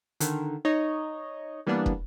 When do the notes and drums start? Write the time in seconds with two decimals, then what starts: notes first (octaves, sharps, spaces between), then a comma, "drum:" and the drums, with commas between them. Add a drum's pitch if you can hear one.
0.20 D3 D#3, drum: hi-hat
0.65 D#4 C#5 D#5
1.66 E3 G3 A#3 B3 D4
1.86 drum: kick